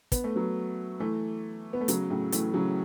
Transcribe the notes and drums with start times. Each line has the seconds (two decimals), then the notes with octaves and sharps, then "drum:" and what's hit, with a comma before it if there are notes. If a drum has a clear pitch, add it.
0.12 B3, drum: kick, hi-hat
0.24 A3
0.35 F#3 B3
1.00 E3 A3
1.73 B3
1.81 A3
1.88 C#3 F#3, drum: hi-hat
2.10 A2 C#3
2.32 E3 A3, drum: hi-hat
2.54 C#3 F#3